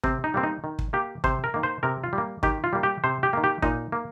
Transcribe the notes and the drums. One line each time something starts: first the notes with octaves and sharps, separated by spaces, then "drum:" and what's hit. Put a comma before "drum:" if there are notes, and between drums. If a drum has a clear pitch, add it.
C3 C4, drum: kick
D#4
G3 A#3 C4
D#4
D#3
drum: kick
A#3 G4
C3 C5, drum: kick
A#4
D#3 A#3
C5
C3 A#4
F4
G3
A#3
D#3 G4, drum: kick
F4
G3 A#3
G4
C3 C5
G4
D#3 A#3
G4
A#2 D#4, drum: kick
A#3